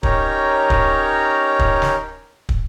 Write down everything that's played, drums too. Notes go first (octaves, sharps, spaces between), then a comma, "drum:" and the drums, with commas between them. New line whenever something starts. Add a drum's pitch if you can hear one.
C#4 D#4 G4 A#4 C#5 A#5, drum: kick
drum: kick
drum: kick
drum: snare
drum: kick